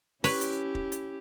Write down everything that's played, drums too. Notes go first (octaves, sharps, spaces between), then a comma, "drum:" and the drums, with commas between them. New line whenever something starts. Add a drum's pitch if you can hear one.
C#4 E4 G4 B4 C#5, drum: open hi-hat
drum: hi-hat
drum: kick
drum: hi-hat